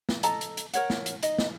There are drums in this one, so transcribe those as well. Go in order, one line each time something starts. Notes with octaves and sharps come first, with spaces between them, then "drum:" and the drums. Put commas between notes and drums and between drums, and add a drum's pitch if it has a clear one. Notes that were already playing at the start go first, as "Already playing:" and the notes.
drum: snare
A4 D#5 A5 A#5, drum: hi-hat
drum: hi-hat
drum: hi-hat
A#4 C#5 F#5, drum: hi-hat
drum: snare
drum: hi-hat
D#4 D#5, drum: hi-hat
drum: snare